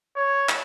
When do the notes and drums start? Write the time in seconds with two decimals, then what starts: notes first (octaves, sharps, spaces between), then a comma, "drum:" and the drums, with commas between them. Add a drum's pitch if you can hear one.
0.16 C#5
0.49 drum: clap